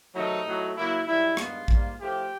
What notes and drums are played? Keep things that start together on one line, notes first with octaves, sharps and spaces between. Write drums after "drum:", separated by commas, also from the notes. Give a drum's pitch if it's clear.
C3 D#3 F#3 A3 D#4
A2 F#3 A3
C#3 F#3 A#3 E4
F#2 D#3 G3 E4
G2 D#3 G#3 B3 F4, drum: rim click
G#2 D#3 G3 A#3, drum: kick A1
A2 F3 A3 G4